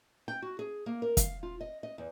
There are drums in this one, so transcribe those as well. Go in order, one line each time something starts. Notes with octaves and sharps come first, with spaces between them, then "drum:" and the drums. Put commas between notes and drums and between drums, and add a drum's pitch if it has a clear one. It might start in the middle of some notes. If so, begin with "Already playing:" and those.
G5
F#4
G#4
A#3
A#4
F5, drum: kick, hi-hat
F4
D#5
D#5
E2